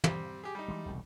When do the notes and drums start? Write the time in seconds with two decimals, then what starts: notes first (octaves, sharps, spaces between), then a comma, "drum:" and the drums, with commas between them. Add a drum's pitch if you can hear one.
0.04 G3 C4, drum: tom
0.44 G4 G#4
0.55 G3 D#4
0.68 E3 G#3
0.86 E1 C2 C#3